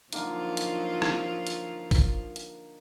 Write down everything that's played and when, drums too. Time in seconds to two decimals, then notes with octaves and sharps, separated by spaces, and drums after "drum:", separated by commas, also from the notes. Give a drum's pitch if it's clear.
0.13 D3 F3 F#3 A#3 D#4 F4, drum: hi-hat
0.57 drum: hi-hat
1.02 drum: rim click
1.47 drum: hi-hat
1.91 drum: kick A1, open hi-hat
2.36 drum: hi-hat